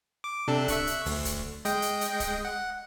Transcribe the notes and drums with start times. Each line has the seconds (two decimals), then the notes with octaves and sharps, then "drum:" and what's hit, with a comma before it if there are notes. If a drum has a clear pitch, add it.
0.24 D6
0.48 C3 D4 A4
0.68 E5 C#6 F#6, drum: kick, hi-hat
0.87 drum: hi-hat
1.06 D2, drum: open hi-hat
1.25 drum: kick, hi-hat
1.65 G#3 D#5 G5, drum: hi-hat
1.82 drum: hi-hat
2.01 drum: hi-hat
2.20 drum: kick, hi-hat
2.45 F#5